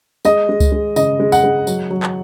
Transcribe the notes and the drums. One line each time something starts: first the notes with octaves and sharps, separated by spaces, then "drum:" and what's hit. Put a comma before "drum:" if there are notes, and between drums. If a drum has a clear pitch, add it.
G#3 D#5, drum: tambourine
G#3
drum: kick C#2, tambourine
G#3
C#3 D#5, drum: tambourine
G#3
F#5, drum: tambourine
G#3
F#3, drum: tambourine
F#3
drum: clap